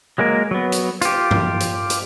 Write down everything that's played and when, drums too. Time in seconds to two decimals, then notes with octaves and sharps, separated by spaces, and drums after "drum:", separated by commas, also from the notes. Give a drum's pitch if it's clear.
0.18 F#3 G#3 A#3 A#4
0.51 F#3 B3
0.72 drum: hi-hat
1.01 F4 G4, drum: hi-hat
1.31 drum: tom G2
1.60 drum: hi-hat
1.90 drum: hi-hat